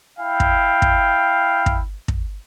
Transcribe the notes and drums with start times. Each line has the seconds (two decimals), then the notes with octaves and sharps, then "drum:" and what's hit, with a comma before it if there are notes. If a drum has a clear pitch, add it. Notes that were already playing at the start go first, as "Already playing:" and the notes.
0.19 E4 F5 G5
0.40 drum: kick
0.82 drum: kick
1.66 drum: kick
2.08 drum: kick